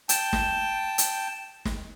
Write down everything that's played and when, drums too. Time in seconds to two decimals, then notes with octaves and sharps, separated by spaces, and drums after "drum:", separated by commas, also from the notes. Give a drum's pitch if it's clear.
0.09 G5 A5, drum: hi-hat
0.33 drum: snare
0.98 drum: hi-hat
1.65 drum: snare